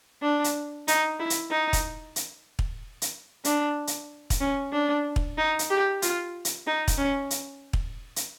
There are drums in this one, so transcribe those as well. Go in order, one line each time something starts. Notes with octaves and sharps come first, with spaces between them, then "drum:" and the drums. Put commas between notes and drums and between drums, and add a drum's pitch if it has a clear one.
D4
drum: hi-hat
D#4, drum: hi-hat
E4
drum: hi-hat
D#4
drum: kick, hi-hat
drum: hi-hat
drum: kick
drum: hi-hat
D4, drum: hi-hat
drum: hi-hat
drum: kick, hi-hat
C#4
D4
drum: kick
D#4
drum: hi-hat
G4
F4, drum: hi-hat
drum: hi-hat
D#4
drum: kick, hi-hat
C#4
drum: hi-hat
drum: kick
drum: hi-hat